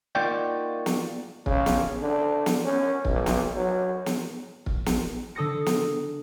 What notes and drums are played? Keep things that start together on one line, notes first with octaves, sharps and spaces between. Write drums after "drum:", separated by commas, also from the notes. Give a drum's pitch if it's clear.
A#3 D#4 F4 F#4 D5 G5
drum: snare
C#3, drum: kick
drum: snare
D3
drum: snare
C#4
B1, drum: kick
drum: snare
F#3
drum: snare
drum: kick
drum: snare
D3 A4 D#6 A6 A#6 C#7
drum: snare